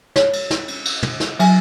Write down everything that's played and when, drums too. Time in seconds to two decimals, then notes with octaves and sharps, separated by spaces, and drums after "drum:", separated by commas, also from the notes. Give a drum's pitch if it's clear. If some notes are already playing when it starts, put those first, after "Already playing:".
0.16 C#5, drum: snare
0.33 drum: cymbal
0.50 drum: snare
0.68 drum: cymbal
0.85 drum: cymbal
1.03 drum: tom
1.20 drum: snare
1.39 F#3 G#5, drum: cymbal